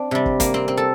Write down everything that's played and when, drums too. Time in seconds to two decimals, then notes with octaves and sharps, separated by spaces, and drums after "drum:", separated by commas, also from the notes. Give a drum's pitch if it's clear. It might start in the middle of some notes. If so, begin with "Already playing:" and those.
Already playing: C4 D4
0.11 C3 G3
0.26 drum: kick
0.40 A#3, drum: kick, hi-hat
0.54 C4
0.68 C4
0.77 A4